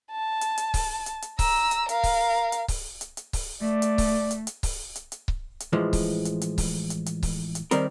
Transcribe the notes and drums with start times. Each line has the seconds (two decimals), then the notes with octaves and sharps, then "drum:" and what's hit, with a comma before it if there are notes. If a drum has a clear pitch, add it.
0.12 A5
0.41 drum: hi-hat
0.58 drum: hi-hat
0.74 drum: kick C#1, open hi-hat
1.06 drum: hi-hat
1.22 drum: hi-hat
1.39 A#5 E6, drum: kick C#1, open hi-hat
1.71 drum: hi-hat
1.89 A#4 F5, drum: hi-hat
2.04 drum: kick C#1, open hi-hat
2.52 drum: hi-hat
2.68 drum: kick C#1, open hi-hat
3.01 drum: hi-hat
3.17 drum: hi-hat
3.33 drum: kick C#1, open hi-hat
3.61 A3 D5
3.82 drum: hi-hat
3.98 drum: kick C#1, open hi-hat
4.31 drum: hi-hat
4.47 drum: hi-hat
4.63 drum: kick C#1, open hi-hat
4.95 drum: hi-hat
5.12 drum: hi-hat
5.28 drum: kick C#1
5.60 drum: hi-hat
5.73 A2 E3 F3 G#3
5.93 drum: kick C#1, open hi-hat
6.25 drum: hi-hat
6.41 drum: hi-hat
6.58 drum: kick C#1, open hi-hat
6.90 drum: hi-hat
7.06 drum: hi-hat
7.23 drum: kick C#1, open hi-hat
7.55 drum: hi-hat
7.71 D#3 G3 C4 A#4, drum: hi-hat